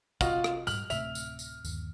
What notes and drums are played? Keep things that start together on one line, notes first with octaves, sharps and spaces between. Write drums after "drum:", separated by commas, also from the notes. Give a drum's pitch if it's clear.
C3 F4 F#4 A#4 D#5, drum: kick, tambourine
drum: rim click
G#2 G3 F6 F#7, drum: tambourine
D1 C3 A3 E5 F7, drum: tambourine
drum: tambourine
drum: tambourine
G1 D#2, drum: tambourine